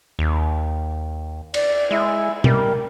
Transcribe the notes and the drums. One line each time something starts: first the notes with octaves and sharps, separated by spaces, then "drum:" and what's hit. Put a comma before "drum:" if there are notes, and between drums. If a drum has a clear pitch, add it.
D#2
D5, drum: cymbal
G#3 E4
G3 A#4, drum: tom B2